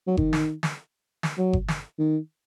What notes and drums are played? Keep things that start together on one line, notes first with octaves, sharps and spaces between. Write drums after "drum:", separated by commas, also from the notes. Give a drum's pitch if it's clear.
F#3
D#3, drum: kick G1
drum: snare
drum: snare
drum: snare
F#3
drum: kick G1
drum: snare
D#3